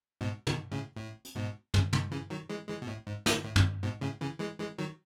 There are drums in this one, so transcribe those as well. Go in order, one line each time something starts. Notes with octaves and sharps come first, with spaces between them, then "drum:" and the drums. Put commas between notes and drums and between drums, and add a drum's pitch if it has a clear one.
G#2 B2
B2 D#3, drum: tom
A2 C#3
A2
drum: hi-hat
G#2 B2
A2 C#3, drum: tom
B2 D#3, drum: tom
C#3 E3
D#3 F#3
E3 G#3
E3 G#3
B2
A2
G#2
A2, drum: snare
A2
drum: tom
G#2 B2
A2 C#3
C#3 E3
E3 G#3
E3 G#3
D#3 F#3